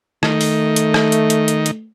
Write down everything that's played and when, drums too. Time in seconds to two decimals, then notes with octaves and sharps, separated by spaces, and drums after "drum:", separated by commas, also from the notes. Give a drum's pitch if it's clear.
0.23 D#3 A3, drum: rim click
0.41 drum: open hi-hat
0.76 drum: hi-hat
0.94 drum: rim click
1.12 drum: hi-hat
1.30 drum: hi-hat
1.48 drum: hi-hat
1.66 drum: hi-hat